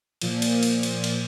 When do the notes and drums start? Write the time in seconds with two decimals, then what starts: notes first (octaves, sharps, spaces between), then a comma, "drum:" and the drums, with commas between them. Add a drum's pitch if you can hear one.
0.22 A#2 F3, drum: cymbal
0.42 drum: cymbal
0.63 drum: cymbal
0.83 drum: cymbal
1.04 drum: cymbal